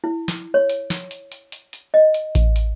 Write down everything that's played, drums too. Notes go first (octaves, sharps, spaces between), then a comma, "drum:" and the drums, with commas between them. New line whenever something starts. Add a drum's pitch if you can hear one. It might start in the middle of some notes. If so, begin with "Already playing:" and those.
E4
drum: snare
C#5
drum: hi-hat
drum: snare
drum: hi-hat
drum: hi-hat
drum: hi-hat
drum: hi-hat
D#5
drum: hi-hat
drum: kick A1, hi-hat
drum: hi-hat